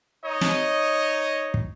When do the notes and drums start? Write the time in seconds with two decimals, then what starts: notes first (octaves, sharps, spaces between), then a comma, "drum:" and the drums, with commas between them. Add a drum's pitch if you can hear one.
0.24 D#4 C#5 D#5
0.41 drum: snare
1.54 drum: kick